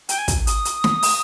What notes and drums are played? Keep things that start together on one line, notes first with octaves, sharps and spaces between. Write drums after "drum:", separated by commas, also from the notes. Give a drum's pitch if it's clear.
G5, drum: hi-hat
G#5
drum: kick, hi-hat
D#6, drum: hi-hat
drum: hi-hat
drum: snare
drum: open hi-hat